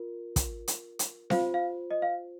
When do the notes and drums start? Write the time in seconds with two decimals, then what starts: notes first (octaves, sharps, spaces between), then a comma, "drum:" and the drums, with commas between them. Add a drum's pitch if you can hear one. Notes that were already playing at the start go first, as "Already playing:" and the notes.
Already playing: F4 A#4
0.36 drum: kick, hi-hat
0.68 drum: hi-hat
0.99 drum: hi-hat
1.30 F4 C5 F5, drum: snare C4
1.54 F5
1.91 D#5
2.02 F5